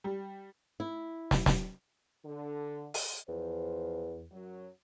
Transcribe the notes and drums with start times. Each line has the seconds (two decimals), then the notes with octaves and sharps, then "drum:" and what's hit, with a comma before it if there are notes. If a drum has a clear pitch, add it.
0.04 G3
0.80 E4
1.31 drum: snare
1.46 drum: snare
2.25 D3
2.94 drum: open hi-hat
3.29 E2 F3 C5
4.32 F#2 F#3